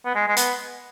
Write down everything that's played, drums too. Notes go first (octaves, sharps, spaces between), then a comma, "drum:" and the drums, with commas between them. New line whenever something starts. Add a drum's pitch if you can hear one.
B3
G#3
G#3
B3, drum: hi-hat